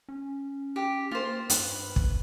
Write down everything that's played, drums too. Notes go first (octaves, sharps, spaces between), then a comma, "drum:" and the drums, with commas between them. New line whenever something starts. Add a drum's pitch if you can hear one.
C#4
G4
A#3 F4 C5
G2 B4, drum: hi-hat
drum: kick